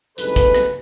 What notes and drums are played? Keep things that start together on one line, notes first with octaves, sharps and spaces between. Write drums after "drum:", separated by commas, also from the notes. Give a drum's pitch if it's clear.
F#1 C2 G#2 A4 B4, drum: hi-hat
drum: kick, hi-hat
drum: rim click